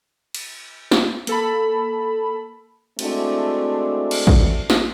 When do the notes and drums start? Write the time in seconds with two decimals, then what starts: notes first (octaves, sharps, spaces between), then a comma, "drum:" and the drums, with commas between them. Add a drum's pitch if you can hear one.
0.35 drum: cymbal
0.91 drum: snare
1.27 A#3 A4 A5 B5, drum: hi-hat
2.99 G#3 A3 C4 D4 E4 F#4, drum: cymbal
4.11 drum: cymbal
4.27 drum: kick
4.70 drum: snare